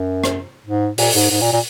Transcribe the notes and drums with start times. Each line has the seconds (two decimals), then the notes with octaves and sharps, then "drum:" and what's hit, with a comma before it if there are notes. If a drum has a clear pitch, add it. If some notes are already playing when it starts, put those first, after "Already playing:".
Already playing: F#2
0.24 drum: rim click
0.66 G#2
0.98 A#2, drum: open hi-hat
1.15 G#2
1.30 G#2
1.41 A#2
1.53 A#2